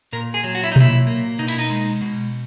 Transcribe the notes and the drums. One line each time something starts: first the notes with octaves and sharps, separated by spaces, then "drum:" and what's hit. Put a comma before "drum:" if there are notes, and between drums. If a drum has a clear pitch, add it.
A#2 A#4
G#4
F#3
F#4
E4
D#4
A#2 E4, drum: tom B2
A#3
B2 D#4
E4, drum: cymbal
D#4
G#3
B2